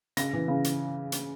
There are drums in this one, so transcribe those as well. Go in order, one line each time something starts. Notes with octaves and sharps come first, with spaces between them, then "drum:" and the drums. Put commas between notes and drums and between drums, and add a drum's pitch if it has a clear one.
C#3 A#6, drum: hi-hat
E3
C#3
drum: hi-hat
drum: hi-hat